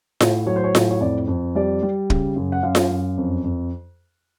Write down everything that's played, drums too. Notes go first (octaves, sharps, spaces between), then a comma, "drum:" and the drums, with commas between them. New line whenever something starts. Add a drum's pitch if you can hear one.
A2, drum: snare F4
F#3 C#5
C5
C#5
A2, drum: snare F4
C#5
F2 D5
F2
G3 D5
G3
C#3, drum: kick
F#2
F#5
F#2 F5
drum: snare F4
F#2
F2
F2